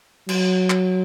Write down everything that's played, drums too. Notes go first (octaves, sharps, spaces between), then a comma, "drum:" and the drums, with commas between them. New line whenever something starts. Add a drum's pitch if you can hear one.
F#3, drum: cymbal
drum: clap